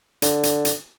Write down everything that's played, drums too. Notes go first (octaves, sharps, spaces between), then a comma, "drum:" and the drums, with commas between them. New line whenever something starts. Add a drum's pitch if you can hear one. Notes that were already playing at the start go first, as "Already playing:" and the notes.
D3, drum: hi-hat
drum: hi-hat
drum: hi-hat